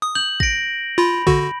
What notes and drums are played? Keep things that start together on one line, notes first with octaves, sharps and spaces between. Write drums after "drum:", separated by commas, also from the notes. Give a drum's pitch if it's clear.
D#6
G6 F#7
A#6 D7, drum: kick A#1
F4 B5
D3 F#4, drum: kick A#1